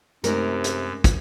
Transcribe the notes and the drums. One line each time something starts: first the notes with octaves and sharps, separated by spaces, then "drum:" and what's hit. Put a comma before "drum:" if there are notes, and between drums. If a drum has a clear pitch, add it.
F#2 C3 G#3 A3 D#4 A#4, drum: hi-hat
drum: hi-hat
drum: kick, hi-hat